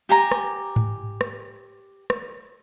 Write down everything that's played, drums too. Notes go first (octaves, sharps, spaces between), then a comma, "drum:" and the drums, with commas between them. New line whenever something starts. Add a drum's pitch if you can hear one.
G4 G#5 A#5
drum: rim click
drum: tom G#2
drum: rim click
drum: rim click